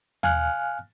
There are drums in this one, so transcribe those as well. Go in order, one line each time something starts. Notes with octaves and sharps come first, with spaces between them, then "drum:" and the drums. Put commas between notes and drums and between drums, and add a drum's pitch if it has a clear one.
F5 G#5 F6 F#6, drum: tom D#2